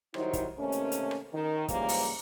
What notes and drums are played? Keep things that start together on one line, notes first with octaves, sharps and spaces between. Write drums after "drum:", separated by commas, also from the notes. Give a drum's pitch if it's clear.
D#3 F#3 G3 D#4 E4 C5, drum: rim click
drum: kick, hi-hat
C3 D#3 A3 A#3 C#4
drum: hi-hat
drum: hi-hat
drum: rim click
D#3
G#2 C#3 E3 F3 G3 A#3, drum: kick, hi-hat
drum: open hi-hat